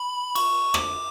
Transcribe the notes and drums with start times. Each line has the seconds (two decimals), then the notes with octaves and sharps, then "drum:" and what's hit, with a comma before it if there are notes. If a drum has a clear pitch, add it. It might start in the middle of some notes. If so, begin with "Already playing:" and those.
Already playing: B5
0.35 C#6, drum: cymbal
0.74 D6, drum: rim click